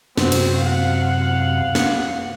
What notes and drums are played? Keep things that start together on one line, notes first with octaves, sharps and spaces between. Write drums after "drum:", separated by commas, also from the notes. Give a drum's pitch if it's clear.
F#2 C3 C4 F#4, drum: snare
drum: cymbal
F5 F#5
drum: snare